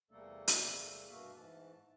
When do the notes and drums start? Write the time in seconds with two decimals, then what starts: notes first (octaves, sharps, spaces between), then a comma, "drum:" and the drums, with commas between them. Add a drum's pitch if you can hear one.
0.11 E2 C3 G3 A3 A#3 A4
0.48 drum: hi-hat
1.09 G2 B2 A#3 F#4 E5 F5
1.35 G#2 E3 A5